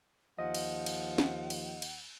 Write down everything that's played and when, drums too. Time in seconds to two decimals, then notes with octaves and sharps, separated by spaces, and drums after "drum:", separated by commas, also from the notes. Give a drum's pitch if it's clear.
0.39 D#2 F3 D#5 F#5
0.54 drum: cymbal
0.86 drum: cymbal
1.18 drum: snare
1.50 drum: cymbal
1.82 drum: cymbal